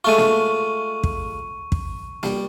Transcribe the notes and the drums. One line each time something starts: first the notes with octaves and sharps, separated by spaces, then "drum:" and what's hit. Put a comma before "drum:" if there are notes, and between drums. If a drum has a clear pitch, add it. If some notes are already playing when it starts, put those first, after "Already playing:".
G#3 A3 F4 C#6 D#7
drum: snare A#3
drum: kick
drum: kick
G3, drum: snare A#3